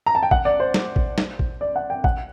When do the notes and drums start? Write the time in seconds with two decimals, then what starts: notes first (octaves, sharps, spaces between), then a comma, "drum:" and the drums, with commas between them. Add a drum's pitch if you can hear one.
0.06 A#5
0.15 A5
0.23 G5
0.31 F#5, drum: kick A1
0.45 D5
0.60 C5
0.74 drum: snare
0.96 drum: kick A1
1.18 drum: snare
1.39 drum: kick A1
1.61 D5
1.76 F#5
1.90 G5
2.04 F#5, drum: kick A1